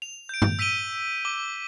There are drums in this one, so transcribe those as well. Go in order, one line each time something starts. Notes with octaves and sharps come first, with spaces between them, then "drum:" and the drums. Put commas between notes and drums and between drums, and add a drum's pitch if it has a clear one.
F7
G6 D7
drum: tom G2
E6 B6 D7 D#7 F7 G7
D6 G7